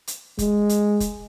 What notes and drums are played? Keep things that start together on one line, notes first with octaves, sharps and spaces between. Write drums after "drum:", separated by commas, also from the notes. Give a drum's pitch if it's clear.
drum: hi-hat
G#3, drum: kick F1, hi-hat
drum: hi-hat
drum: kick F1, hi-hat